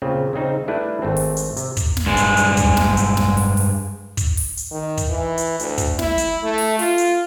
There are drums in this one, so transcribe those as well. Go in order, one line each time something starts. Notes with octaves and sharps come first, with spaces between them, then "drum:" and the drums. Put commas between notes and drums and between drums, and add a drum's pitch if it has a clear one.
A#2 C#3 C4 F4
C#3 G3 C4 D#4
G3 A3 D4 E4 B4
G#1 A3 C4
drum: open hi-hat
drum: hi-hat
C3, drum: hi-hat
drum: kick, hi-hat
drum: snare
G2 G#3
drum: hi-hat
drum: hi-hat
drum: kick, hi-hat
drum: snare
drum: hi-hat
drum: snare
drum: open hi-hat
drum: open hi-hat
drum: kick, hi-hat
drum: open hi-hat
drum: hi-hat
D#3
drum: kick, hi-hat
E3
drum: hi-hat
D2, drum: hi-hat
drum: kick, hi-hat
E4, drum: snare
drum: hi-hat
A3
drum: open hi-hat
F4, drum: open hi-hat
drum: hi-hat